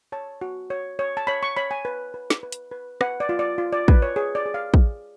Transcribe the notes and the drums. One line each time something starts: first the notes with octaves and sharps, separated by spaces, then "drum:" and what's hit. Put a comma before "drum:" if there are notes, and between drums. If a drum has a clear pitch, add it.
C#5 A5
F#4
C#5
C#5
A5
C#5 B5
C#6
C#5 B5
G#5
B4
B4
drum: snare
B4
drum: hi-hat
B4
B4 F#5, drum: rim click
D5
F4
D5
F4
D5
B4, drum: kick
C#5
G#4 C#5
D5
G#4
F5
G#4, drum: kick